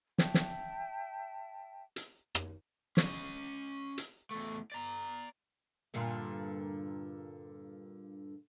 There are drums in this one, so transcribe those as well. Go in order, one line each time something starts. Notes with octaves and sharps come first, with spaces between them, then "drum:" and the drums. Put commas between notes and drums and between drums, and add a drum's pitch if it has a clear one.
E5 G5 A5, drum: snare
drum: snare
drum: hi-hat
drum: rim click
C#4 D#5, drum: snare
drum: hi-hat
E2 A3
D5 A#5
G2 A#2 D3